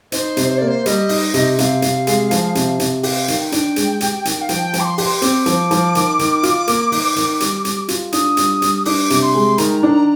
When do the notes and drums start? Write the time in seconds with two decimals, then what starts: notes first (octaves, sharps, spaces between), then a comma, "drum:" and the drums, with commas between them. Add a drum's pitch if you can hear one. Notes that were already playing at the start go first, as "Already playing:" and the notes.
0.12 D#4 C5, drum: hi-hat
0.37 C3, drum: hi-hat
0.50 C5
0.58 A#3 D5
0.68 C5
0.86 G3 D#5, drum: hi-hat
1.09 D#4, drum: open hi-hat
1.34 C3, drum: hi-hat
1.58 C3 F5, drum: hi-hat
1.82 C3, drum: hi-hat
2.07 G#3, drum: hi-hat
2.31 F3, drum: hi-hat
2.55 C3, drum: hi-hat
2.80 C3, drum: hi-hat
3.03 G4 F5, drum: open hi-hat
3.28 D#3, drum: hi-hat
3.40 G5
3.52 D4, drum: hi-hat
3.76 G#3, drum: hi-hat
4.01 G4, drum: hi-hat
4.25 D#3, drum: hi-hat
4.41 F5
4.49 F3 G5, drum: hi-hat
4.73 F3, drum: hi-hat
4.80 D6
4.85 C6
4.98 G4, drum: open hi-hat
5.22 C4 D6, drum: hi-hat
5.46 F3, drum: hi-hat
5.71 F3, drum: hi-hat
5.95 D#3, drum: hi-hat
6.19 D#3, drum: hi-hat
6.43 F4, drum: hi-hat
6.67 A#3, drum: hi-hat
6.92 D#3, drum: open hi-hat
7.16 D#3, drum: hi-hat
7.40 G3, drum: hi-hat
7.65 G3, drum: hi-hat
7.88 F4, drum: hi-hat
8.12 D4 D#6, drum: hi-hat
8.37 G3, drum: hi-hat
8.62 G3, drum: hi-hat
8.75 D#6
8.85 D4 D6, drum: open hi-hat
9.10 C3, drum: hi-hat
9.22 C6
9.35 G#3
9.58 D#3 A#5, drum: hi-hat
9.83 D4